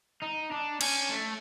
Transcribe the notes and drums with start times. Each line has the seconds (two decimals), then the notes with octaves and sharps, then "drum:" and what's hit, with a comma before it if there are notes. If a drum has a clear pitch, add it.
0.22 D#4
0.51 D4
0.81 C#4, drum: cymbal
1.10 A3